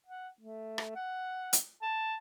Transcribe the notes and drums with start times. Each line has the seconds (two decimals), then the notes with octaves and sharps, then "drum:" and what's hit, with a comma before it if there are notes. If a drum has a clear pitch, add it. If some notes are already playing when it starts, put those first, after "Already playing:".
0.07 F#5
0.41 A3
0.78 drum: rim click
0.95 F#5
1.53 drum: hi-hat
1.82 A5